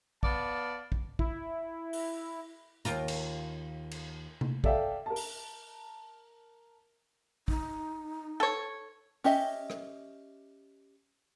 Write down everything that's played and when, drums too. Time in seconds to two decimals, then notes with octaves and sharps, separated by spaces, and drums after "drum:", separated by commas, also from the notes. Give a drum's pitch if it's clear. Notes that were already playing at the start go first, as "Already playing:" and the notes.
0.23 B3 D5 F5 A5, drum: kick
0.92 drum: kick
1.19 E4, drum: kick
1.93 drum: open hi-hat
2.85 D#2 F4 A#4, drum: hi-hat
3.08 drum: cymbal
3.91 drum: cymbal
4.41 drum: tom C3
4.64 A4 D5 E5 F5 G5, drum: kick
5.06 A#4 A5
5.16 drum: open hi-hat
7.48 D#4, drum: kick
8.40 A4 C#5
9.24 C#4 G4 D#5 E5, drum: open hi-hat
9.70 drum: rim click